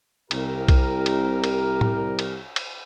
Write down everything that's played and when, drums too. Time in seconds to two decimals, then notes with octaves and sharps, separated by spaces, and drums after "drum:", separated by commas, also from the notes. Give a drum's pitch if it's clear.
0.31 C2 G4 A#4, drum: cymbal
0.68 drum: kick B1, cymbal
1.06 drum: cymbal
1.44 drum: cymbal
1.81 drum: tom A2
2.19 drum: cymbal
2.56 drum: cymbal